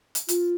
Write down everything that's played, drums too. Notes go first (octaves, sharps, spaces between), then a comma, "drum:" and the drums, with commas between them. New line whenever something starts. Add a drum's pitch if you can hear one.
drum: hi-hat
F4, drum: hi-hat